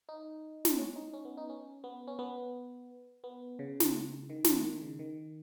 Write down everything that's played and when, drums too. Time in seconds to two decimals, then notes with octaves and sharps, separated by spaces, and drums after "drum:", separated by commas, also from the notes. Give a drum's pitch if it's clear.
0.09 D#4
0.65 drum: snare
0.79 C#4
0.96 D#4
1.13 C#4
1.25 B3
1.37 D#4
1.49 C#4
1.84 B3
2.08 C#4
2.19 B3
3.24 B3
3.59 C#3
3.80 drum: snare
4.30 D#3
4.44 drum: snare
4.64 D#3
4.81 C#3
4.99 D#3